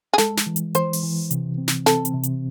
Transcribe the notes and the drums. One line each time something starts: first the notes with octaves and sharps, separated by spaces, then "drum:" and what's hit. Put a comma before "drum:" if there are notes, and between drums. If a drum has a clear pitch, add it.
G#4
G#3 A4, drum: snare
drum: snare
E3
drum: hi-hat
E3 C5, drum: hi-hat
drum: open hi-hat
E3
C3, drum: hi-hat
C4
drum: snare
C4 A4, drum: snare
drum: hi-hat
C3
drum: hi-hat